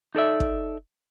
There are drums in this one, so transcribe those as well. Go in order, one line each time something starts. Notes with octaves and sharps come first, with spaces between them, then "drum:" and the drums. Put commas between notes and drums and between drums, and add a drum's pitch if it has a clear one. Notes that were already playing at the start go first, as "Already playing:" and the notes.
D#4 A4 D5 E5
drum: kick